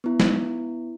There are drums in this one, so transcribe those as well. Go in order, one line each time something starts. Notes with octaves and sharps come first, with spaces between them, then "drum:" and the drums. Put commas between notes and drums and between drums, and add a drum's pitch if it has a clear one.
B3 E4
drum: snare